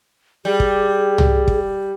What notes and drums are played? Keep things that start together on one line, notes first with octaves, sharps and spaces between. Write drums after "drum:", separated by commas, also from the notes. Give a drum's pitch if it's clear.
G3 G#4
drum: kick
drum: tom
drum: kick